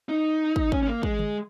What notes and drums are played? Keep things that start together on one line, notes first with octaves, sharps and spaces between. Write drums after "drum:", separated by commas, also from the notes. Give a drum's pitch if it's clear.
D#4
drum: kick
C#4, drum: kick
C#4
A#3
G#3, drum: kick
drum: tom D3